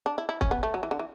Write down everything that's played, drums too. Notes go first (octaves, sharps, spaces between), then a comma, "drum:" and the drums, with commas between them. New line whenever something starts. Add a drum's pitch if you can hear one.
D4
E4
E4
C#4, drum: kick
B3
A3
F#3
E3
D3
E3